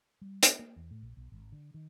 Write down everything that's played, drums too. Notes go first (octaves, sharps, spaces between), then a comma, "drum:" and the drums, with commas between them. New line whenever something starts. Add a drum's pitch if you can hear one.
G3
B3, drum: hi-hat
A#3
E2
A2
A#1
B1
G#1
D3
D#3